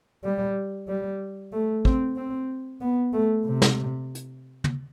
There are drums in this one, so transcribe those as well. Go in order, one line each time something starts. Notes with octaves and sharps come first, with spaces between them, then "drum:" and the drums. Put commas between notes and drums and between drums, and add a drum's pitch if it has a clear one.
G3
G3
A3
C4, drum: kick
C4
B3
A3
C3
drum: snare
drum: hi-hat
drum: tom